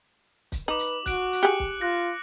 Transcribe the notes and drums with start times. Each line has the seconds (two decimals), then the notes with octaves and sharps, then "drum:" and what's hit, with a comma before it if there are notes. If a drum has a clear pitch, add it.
0.52 drum: kick, hi-hat
0.68 D#4 B4 D6 F#7
0.79 drum: hi-hat
1.06 F#4 F#6 D7, drum: kick, hi-hat
1.33 drum: hi-hat
1.43 G4 G#4 F#6 C#7
1.60 drum: kick
1.81 F4 F#6 A#6